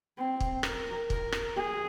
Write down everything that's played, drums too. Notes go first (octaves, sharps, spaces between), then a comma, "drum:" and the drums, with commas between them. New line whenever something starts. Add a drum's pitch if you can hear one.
C4
drum: kick
A#4, drum: rim click
A#4, drum: kick
drum: rim click
G#4